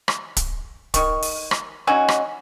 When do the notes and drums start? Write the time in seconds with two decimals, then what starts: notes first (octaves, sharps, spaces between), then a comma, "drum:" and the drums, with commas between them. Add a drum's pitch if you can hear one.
0.08 drum: rim click
0.37 drum: kick D1, hi-hat
0.94 D#3 C#6, drum: kick D1, hi-hat
1.22 drum: open hi-hat
1.51 drum: rim click
1.87 C#4 D#4 F#4 G#5
2.08 drum: rim click